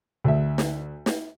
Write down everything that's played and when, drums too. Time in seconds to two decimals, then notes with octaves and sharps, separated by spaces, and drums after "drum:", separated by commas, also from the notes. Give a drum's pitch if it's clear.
0.24 D2 E5
0.58 drum: snare
1.06 drum: snare